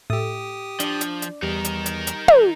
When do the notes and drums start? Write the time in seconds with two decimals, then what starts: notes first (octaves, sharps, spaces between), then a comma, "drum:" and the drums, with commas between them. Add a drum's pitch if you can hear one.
0.10 A2 G4 D#6
0.80 F3 D4 D5, drum: hi-hat
1.01 drum: hi-hat
1.22 drum: hi-hat
1.42 E2 G3 D#4 A#4
1.65 drum: hi-hat
1.86 drum: hi-hat
2.07 drum: hi-hat
2.28 drum: tom